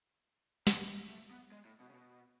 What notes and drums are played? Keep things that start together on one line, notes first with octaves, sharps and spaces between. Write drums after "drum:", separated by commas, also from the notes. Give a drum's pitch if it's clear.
D3, drum: snare
A3
B3
G#3
A2
B2
C#3
B2